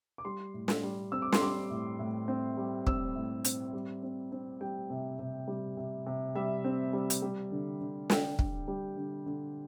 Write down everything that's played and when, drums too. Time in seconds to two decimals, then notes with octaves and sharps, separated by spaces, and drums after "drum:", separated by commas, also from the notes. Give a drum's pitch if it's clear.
0.18 D6
0.25 G3 C6
0.54 A2
0.68 drum: snare
0.83 G3
1.12 C4 E6
1.22 D6
1.32 C6, drum: snare
1.42 G3 D6
1.70 A2
1.99 A2
2.28 C4
2.57 G3
2.87 C4 E6, drum: kick
3.15 A2
3.44 C4, drum: hi-hat
3.73 G3
4.03 C4
4.32 C4
4.61 G3 G5
4.90 C3
5.19 C3
5.48 G3
5.77 C3
6.06 C3
6.35 G3 E5
6.65 C4
6.93 G3
7.10 drum: hi-hat
7.22 G3
7.52 D3
7.81 D3
8.10 D3 G5, drum: snare
8.39 D3, drum: kick
8.68 G3
8.97 D3
9.26 D3